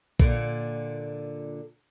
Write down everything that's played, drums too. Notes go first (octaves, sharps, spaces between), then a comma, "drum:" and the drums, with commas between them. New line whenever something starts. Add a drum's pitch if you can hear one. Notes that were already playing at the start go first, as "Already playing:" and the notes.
A#2 D3, drum: kick A#1